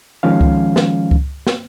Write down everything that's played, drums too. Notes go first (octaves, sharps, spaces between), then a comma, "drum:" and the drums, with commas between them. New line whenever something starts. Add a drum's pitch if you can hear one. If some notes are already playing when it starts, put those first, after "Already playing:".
D#3 F3 G#3 C#4 F5
drum: kick C#2
drum: snare
drum: kick C#2
drum: snare